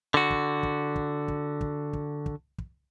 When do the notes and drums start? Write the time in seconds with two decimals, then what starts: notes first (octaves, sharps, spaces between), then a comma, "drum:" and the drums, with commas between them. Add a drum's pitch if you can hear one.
0.14 D3 F#4
0.31 drum: kick
0.63 drum: kick
0.96 drum: kick
1.28 drum: kick
1.61 drum: kick
1.93 drum: kick
2.26 drum: kick
2.58 drum: kick